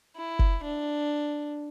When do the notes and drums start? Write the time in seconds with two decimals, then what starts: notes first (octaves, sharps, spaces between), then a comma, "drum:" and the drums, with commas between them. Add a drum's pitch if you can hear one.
0.16 E4
0.39 drum: kick F#1
0.63 D4